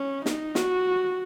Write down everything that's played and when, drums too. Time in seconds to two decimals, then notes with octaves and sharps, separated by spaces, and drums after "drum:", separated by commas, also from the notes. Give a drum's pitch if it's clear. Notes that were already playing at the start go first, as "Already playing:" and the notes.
Already playing: C#4
0.26 D#4, drum: snare
0.55 F#4, drum: snare